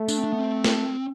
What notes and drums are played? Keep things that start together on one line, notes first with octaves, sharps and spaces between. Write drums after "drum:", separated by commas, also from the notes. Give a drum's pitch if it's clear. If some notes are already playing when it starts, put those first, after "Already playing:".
Already playing: A3
D4, drum: tambourine
C4
D4
B3
C4
drum: snare